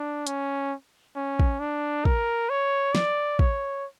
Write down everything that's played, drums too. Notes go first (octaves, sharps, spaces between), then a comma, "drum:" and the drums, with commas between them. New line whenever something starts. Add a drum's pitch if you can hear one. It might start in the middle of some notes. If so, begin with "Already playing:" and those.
Already playing: D4
C#4, drum: hi-hat
C#4
drum: kick
D4
A#4, drum: kick
C#5
D5, drum: snare
C#5, drum: kick